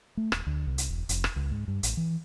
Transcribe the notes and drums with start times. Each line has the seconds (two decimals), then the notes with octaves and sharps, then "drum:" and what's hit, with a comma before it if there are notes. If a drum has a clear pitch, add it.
0.17 A3
0.32 D#1, drum: rim click
0.47 D2
0.67 C2
0.78 drum: hi-hat
0.89 E1
1.09 F1, drum: hi-hat
1.24 drum: rim click
1.36 C#2
1.51 G#2
1.68 G2
1.83 A1, drum: hi-hat
1.97 E3